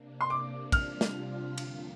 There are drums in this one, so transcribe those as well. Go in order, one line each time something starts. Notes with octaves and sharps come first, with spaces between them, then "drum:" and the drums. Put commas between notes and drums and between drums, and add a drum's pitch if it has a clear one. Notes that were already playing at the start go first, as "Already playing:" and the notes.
Already playing: C3 A#3 D4
C6
D6
C3 G3 D4 F4 F6, drum: kick, cymbal
drum: snare
F2 D3 F3 A#3, drum: cymbal